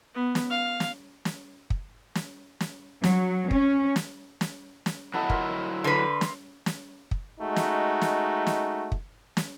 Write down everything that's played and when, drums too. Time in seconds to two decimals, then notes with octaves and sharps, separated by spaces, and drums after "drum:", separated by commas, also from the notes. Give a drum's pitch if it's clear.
0.14 B3
0.35 drum: snare
0.50 F5
0.80 drum: snare
1.25 drum: snare
1.70 drum: kick
2.15 drum: snare
2.61 drum: snare
3.04 F#3, drum: snare
3.51 C#4, drum: kick
3.96 drum: snare
4.41 drum: snare
4.86 drum: snare
5.14 F#3 E4 A4 D#5 E5 F#5
5.30 F4 A#4 E5, drum: kick
5.84 D3 B4 C5 A#5
6.21 drum: snare
6.66 drum: snare
7.11 drum: kick
7.41 G#3 A3 D#4 F#4
7.56 drum: snare
8.01 drum: snare
8.47 drum: snare
8.92 drum: kick
9.37 drum: snare